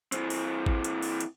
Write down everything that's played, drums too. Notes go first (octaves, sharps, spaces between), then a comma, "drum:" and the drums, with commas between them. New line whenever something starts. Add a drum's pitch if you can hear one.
E3 C4, drum: hi-hat
drum: open hi-hat
drum: kick A1
drum: hi-hat
drum: open hi-hat
drum: hi-hat